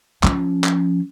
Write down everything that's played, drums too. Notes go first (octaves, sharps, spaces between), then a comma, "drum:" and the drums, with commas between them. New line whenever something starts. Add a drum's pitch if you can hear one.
F3 C#4, drum: clap
drum: clap